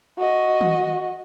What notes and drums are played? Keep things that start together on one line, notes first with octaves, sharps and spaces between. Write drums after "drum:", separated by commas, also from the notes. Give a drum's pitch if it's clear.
F#4 D#5
drum: tom D#3